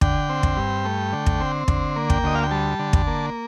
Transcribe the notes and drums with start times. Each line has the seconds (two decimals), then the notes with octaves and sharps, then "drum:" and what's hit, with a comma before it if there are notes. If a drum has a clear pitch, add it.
0.01 D3 G5, drum: kick
0.29 C4
0.43 drum: kick
0.57 G2
0.85 A3
1.13 D3
1.26 drum: kick
1.40 C4
1.68 D3, drum: kick
1.96 A#3
2.10 G5, drum: kick
2.24 D2 D#5
2.35 F5
2.43 G5
2.51 G3 A5
2.79 D3
2.93 drum: kick
3.07 A#3